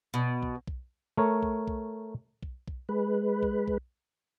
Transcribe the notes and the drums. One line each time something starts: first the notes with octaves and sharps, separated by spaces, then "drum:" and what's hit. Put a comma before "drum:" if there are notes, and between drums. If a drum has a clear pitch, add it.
B2
drum: kick B1
drum: kick B1
A3 A#4 C#5
drum: kick B1
drum: kick B1
drum: kick B1
drum: kick B1
G#3 B4
drum: kick B1
drum: kick B1